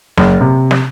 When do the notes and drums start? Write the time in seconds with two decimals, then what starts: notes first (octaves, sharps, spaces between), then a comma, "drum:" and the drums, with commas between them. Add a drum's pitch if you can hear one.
0.17 F#1, drum: snare
0.41 C3
0.71 drum: snare